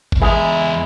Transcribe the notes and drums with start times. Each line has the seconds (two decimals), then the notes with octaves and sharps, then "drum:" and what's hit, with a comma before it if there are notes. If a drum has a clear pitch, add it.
0.12 drum: kick G#1
0.22 E2 G#3 E4 G#5 A#5